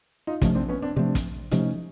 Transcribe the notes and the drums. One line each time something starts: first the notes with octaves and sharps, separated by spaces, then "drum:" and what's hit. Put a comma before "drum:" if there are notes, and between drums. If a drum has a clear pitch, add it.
D#4 F4
C3 F3 A3 C#4 D#4, drum: kick, hi-hat
C4 D4
B3 C#4
C4 D4
C3 F3 A3 C4 D4
drum: kick, hi-hat
C3 F3 A3 C#4 D#4, drum: hi-hat